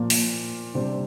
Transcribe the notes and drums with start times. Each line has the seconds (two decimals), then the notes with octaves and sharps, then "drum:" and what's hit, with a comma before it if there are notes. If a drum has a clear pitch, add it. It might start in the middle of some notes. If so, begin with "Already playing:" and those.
Already playing: A#2 F3 A#3
0.10 drum: open hi-hat
0.74 C3 G3 D4 G4 C5